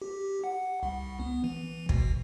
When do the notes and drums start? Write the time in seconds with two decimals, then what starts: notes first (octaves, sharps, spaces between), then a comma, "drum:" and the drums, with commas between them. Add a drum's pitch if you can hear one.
0.02 G4
0.44 F#5
0.83 C2
1.20 B3
1.44 E3
1.89 B2, drum: kick